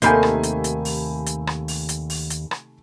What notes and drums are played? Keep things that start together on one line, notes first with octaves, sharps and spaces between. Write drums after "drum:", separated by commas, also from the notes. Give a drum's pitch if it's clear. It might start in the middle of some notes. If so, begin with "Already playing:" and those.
D#2 C3 D#3 A3 A#3 G#5 B5 G6, drum: hi-hat
drum: rim click
drum: hi-hat
drum: hi-hat
drum: open hi-hat
drum: hi-hat
drum: rim click
drum: open hi-hat
drum: hi-hat
drum: open hi-hat
drum: hi-hat
drum: rim click